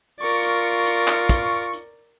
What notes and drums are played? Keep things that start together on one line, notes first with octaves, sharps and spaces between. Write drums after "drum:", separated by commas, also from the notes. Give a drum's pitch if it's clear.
F4 A#4 D5 C#6
drum: hi-hat
drum: hi-hat
drum: clap
drum: kick, hi-hat
drum: hi-hat